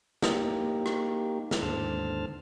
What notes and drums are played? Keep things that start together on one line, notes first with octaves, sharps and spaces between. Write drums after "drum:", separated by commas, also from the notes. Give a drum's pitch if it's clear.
A#3 D#4 G4, drum: snare
drum: rim click
drum: snare
D#2 G#2 D3 C5 A5 F6